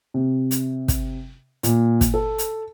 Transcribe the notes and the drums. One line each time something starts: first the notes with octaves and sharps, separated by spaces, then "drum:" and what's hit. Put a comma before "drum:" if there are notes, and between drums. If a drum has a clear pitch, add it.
C3
drum: hi-hat
drum: kick, hi-hat
A#2, drum: hi-hat
drum: kick, hi-hat
A4
drum: hi-hat